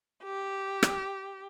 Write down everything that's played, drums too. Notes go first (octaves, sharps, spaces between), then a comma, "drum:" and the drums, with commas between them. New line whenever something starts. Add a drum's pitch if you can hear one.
G4
drum: rim click